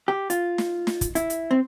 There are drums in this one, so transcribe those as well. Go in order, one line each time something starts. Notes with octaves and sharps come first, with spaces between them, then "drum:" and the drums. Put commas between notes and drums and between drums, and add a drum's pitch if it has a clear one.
G4
F4, drum: hi-hat
drum: snare
drum: snare
drum: kick, hi-hat
E4, drum: hi-hat
drum: hi-hat
C4